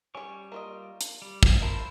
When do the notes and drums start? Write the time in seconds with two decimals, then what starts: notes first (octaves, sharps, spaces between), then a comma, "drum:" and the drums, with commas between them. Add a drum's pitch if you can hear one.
0.15 G3 C#4 C#5 C#6
0.52 A#3 F4 D#5
1.01 drum: hi-hat
1.22 G3
1.43 drum: kick
1.62 A#3 E4 A4 A#4 C5